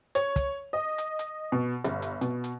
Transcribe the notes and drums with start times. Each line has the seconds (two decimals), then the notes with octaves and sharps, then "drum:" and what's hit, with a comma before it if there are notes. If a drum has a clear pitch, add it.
0.15 C#5, drum: hi-hat
0.36 drum: kick, hi-hat
0.73 D#5
0.98 drum: hi-hat
1.19 drum: hi-hat
1.52 B2
1.84 G1, drum: hi-hat
2.02 drum: hi-hat
2.21 B2, drum: hi-hat
2.44 drum: hi-hat